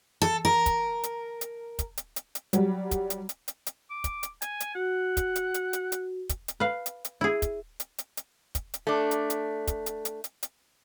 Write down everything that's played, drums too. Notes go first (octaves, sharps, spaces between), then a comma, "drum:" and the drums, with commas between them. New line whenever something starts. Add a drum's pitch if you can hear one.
A4
A#4
drum: kick, hi-hat
drum: hi-hat
drum: hi-hat
drum: kick, hi-hat
drum: hi-hat
drum: hi-hat
drum: hi-hat
F#3 G3, drum: hi-hat
drum: kick, hi-hat
drum: hi-hat
drum: hi-hat
drum: hi-hat
drum: hi-hat
D6
drum: kick, hi-hat
drum: hi-hat
G#5, drum: hi-hat
drum: hi-hat
F#4 F#5
drum: kick, hi-hat
drum: hi-hat
drum: hi-hat
drum: hi-hat
drum: hi-hat
drum: kick, hi-hat
drum: hi-hat
B4 F5
drum: hi-hat
drum: hi-hat
E4 G#4
drum: kick, hi-hat
drum: hi-hat
drum: hi-hat
drum: hi-hat
drum: kick, hi-hat
drum: hi-hat
A3 D4
drum: hi-hat
drum: hi-hat
drum: kick, hi-hat
drum: hi-hat
drum: hi-hat
drum: hi-hat
drum: hi-hat